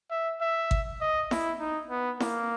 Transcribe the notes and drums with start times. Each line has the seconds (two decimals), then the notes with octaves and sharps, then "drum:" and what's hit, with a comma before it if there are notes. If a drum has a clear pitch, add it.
0.11 E5
0.41 E5
0.71 drum: kick G#1
1.01 D#5
1.31 E4, drum: snare E4
1.60 D#4
1.90 B3
2.20 A#3, drum: snare E4